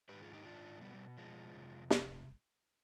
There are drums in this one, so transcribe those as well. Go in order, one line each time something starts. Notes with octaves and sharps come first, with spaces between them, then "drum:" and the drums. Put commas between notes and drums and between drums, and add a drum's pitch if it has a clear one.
G#2 D#3 G4 B4
F4 G#4
D#4 G4
D4 F4
B2 G3 B3
G3
F3 G#3
F2 C3
drum: snare